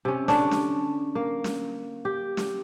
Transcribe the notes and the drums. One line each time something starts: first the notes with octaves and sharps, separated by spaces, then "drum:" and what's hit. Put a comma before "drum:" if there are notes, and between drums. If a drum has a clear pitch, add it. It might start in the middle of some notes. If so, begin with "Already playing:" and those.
C3 C#4
D3 C#4 D4, drum: snare
drum: snare
A#3
drum: snare
G4
drum: snare